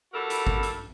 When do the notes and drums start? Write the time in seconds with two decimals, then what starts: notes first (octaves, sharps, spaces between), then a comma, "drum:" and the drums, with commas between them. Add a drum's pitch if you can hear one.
0.14 G3 E4 F#4 A4 A#4
0.30 drum: hi-hat
0.47 drum: kick G1
0.63 drum: hi-hat